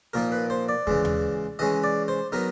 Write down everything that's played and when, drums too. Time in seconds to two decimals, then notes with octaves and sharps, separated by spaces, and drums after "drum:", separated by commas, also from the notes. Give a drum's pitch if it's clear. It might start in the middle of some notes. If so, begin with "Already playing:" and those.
0.13 A#2 F3 A#3 D#4 A#4
0.32 B4
0.50 C5
0.69 D5
0.87 C#3 E3 G#3, drum: kick
1.05 drum: tom D#2
1.59 E3 G#3 C#4 D#5
1.84 D5
2.08 C5
2.32 F#3 B3 D#4 A#4